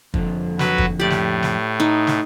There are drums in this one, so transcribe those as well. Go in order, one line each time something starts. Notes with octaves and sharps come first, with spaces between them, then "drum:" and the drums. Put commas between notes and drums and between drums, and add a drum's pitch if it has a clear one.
F2 D3, drum: kick
F#3 F#4 B4, drum: snare
drum: kick
A2 G4 D5
drum: snare
drum: snare
D#4
drum: snare